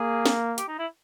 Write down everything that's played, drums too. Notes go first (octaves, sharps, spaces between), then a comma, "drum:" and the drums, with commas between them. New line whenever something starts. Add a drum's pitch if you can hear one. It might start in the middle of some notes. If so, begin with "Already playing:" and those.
Already playing: A#3 G#4
drum: snare
G4, drum: hi-hat
D#4
E4